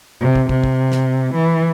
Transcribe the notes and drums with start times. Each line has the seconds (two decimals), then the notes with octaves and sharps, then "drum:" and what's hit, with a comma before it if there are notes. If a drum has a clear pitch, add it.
0.21 C3
0.35 drum: kick
0.49 C3, drum: kick
0.64 drum: kick
0.92 drum: snare
1.34 E3